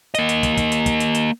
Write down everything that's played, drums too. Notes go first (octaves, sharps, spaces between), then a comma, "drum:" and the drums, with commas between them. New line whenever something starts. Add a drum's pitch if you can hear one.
A#3 D#5, drum: hi-hat
drum: hi-hat
drum: kick, hi-hat
drum: kick, hi-hat
drum: hi-hat
drum: kick, hi-hat
drum: hi-hat
drum: hi-hat